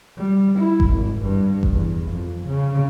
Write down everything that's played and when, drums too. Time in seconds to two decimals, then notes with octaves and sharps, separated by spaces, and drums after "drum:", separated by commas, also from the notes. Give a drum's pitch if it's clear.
0.18 G3
0.59 E4
0.80 drum: kick G1
0.90 G#1
1.22 G2
1.63 drum: kick G1
1.73 E2
2.11 F2
2.47 C#3